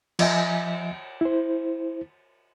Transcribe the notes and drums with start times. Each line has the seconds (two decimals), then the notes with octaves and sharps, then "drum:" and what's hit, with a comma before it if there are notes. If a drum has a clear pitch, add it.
0.19 F3 D#5 E5 G#5, drum: cymbal
1.21 E4 C5